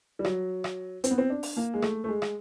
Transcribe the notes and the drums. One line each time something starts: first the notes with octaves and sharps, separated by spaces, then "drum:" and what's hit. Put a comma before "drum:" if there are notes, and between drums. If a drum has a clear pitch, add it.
G3
F#3, drum: rim click
drum: rim click
C4, drum: hi-hat
B3
C4
D4
drum: open hi-hat
A#3
G#3
A3, drum: rim click
A3
G#3
drum: rim click